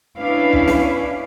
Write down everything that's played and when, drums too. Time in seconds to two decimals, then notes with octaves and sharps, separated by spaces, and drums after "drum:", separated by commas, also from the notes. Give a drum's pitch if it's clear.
0.18 C#4 D4 E4 B4 F5
0.53 drum: kick
0.68 drum: snare